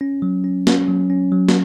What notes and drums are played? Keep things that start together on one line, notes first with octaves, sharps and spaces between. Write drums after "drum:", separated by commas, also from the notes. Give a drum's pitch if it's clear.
C#4
F#3
C#4
C#4, drum: snare
F#3
C#4
F#3
drum: snare